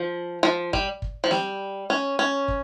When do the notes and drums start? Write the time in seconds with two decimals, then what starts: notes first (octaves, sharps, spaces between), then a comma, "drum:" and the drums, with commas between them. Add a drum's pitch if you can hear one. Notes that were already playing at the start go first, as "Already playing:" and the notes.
Already playing: F3
0.43 F3
0.73 G3, drum: kick
1.02 drum: kick
1.24 F3
1.31 G3, drum: snare
1.90 C#4
2.19 C#4
2.48 drum: kick